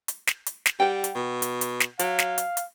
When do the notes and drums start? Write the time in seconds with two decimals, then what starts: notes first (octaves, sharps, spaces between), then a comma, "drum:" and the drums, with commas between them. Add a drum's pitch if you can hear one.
0.08 drum: hi-hat
0.27 drum: snare
0.46 drum: hi-hat
0.66 drum: snare
0.80 G3 F#5 G5
1.04 drum: hi-hat
1.15 B2
1.42 drum: hi-hat
1.61 drum: hi-hat
1.80 drum: snare
1.99 F#3 F5, drum: hi-hat
2.19 drum: snare
2.38 drum: hi-hat
2.57 drum: hi-hat